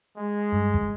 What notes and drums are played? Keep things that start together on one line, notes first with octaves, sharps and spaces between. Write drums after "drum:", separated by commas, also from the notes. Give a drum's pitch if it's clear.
G#3
G2
drum: kick